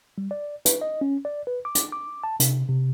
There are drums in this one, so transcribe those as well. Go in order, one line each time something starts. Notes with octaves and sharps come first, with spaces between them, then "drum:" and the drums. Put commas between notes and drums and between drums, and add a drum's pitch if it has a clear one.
G3
D5
B4, drum: hi-hat
D#5
C#4
D5
B4
D6
drum: hi-hat
D6
A5
C3, drum: hi-hat
C3